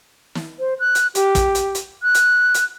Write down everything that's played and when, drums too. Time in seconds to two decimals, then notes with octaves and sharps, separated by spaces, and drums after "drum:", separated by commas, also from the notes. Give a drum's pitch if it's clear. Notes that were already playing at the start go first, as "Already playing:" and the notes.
0.35 drum: snare
0.59 C5
0.80 F#6
0.95 drum: hi-hat
1.15 G4, drum: hi-hat
1.35 drum: kick, hi-hat
1.55 drum: hi-hat
1.75 drum: hi-hat
2.03 F#6
2.15 drum: hi-hat
2.54 drum: hi-hat